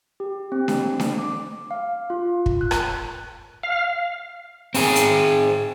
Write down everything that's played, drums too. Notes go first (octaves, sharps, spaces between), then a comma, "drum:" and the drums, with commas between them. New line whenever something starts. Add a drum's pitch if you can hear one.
G4
C4
drum: snare D4
drum: snare D4
D6
F5
F4
drum: kick
F#6
drum: rim click
F5
C4 G#4, drum: open hi-hat
drum: hi-hat